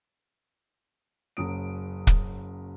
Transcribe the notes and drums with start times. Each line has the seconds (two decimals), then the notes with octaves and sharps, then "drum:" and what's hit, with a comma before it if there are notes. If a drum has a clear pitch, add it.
1.37 F#1 F#2 F#3 D#6 D7
2.07 drum: kick